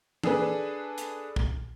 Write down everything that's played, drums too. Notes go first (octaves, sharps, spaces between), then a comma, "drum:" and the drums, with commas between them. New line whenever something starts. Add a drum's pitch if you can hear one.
D4 G#4 A4 B4, drum: tom E3
drum: hi-hat
drum: kick